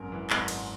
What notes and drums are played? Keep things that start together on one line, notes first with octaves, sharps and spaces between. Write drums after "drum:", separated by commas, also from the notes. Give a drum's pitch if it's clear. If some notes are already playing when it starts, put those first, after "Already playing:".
Already playing: G#1 F#2 A#4
E3
G#1, drum: clap
G#2, drum: cymbal